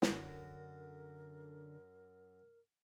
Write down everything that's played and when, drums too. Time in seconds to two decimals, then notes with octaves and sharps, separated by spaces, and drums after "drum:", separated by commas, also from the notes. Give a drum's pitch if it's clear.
0.02 F#2 D3 F#4 A#4, drum: snare